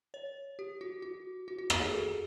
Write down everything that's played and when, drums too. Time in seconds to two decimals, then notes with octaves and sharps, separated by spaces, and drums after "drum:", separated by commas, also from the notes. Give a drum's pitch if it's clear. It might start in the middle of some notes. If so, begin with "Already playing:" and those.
0.14 C#5
0.59 G4
0.81 F#4
1.02 F#4
1.48 F#4
1.58 F#4
1.70 G4, drum: rim click
1.81 G#4
1.93 A4